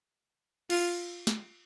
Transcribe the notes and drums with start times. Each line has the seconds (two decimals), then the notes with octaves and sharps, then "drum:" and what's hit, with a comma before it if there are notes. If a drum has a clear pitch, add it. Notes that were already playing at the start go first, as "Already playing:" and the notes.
0.70 F4, drum: cymbal
1.27 drum: snare